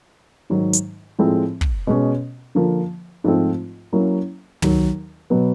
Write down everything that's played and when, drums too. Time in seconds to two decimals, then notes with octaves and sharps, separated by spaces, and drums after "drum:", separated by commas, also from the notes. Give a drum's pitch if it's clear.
0.50 G#2 D#3 F#3
0.73 drum: hi-hat
1.19 A2 F3 G#3 C4
1.61 drum: kick
1.87 B2 G#3 C#4
2.55 D3 F3 A#3
3.24 G#2 F3 A3 C4 F4
3.93 F#3 A#3 C#4 E4
4.62 D#2 D#3 F#3, drum: tom
5.30 B2 F#3 B3